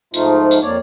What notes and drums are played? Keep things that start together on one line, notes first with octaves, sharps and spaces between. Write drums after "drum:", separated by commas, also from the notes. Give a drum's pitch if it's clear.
G#2 F3 A3 D#4 F4, drum: tambourine
drum: tambourine
F2 A#3 C#5 D5